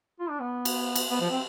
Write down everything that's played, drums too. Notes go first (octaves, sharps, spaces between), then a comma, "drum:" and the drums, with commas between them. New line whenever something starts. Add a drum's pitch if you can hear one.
F4
D4
B3
drum: cymbal
drum: cymbal
B3
F3
C4